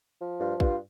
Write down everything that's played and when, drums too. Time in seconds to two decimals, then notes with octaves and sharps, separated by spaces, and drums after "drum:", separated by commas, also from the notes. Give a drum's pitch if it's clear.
0.19 F3
0.40 G2 F4
0.60 G2 F4, drum: kick